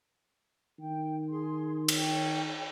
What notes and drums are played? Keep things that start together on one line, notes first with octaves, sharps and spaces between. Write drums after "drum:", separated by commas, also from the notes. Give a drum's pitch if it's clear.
D#3 G5
G#4 C6
C#5 G5, drum: cymbal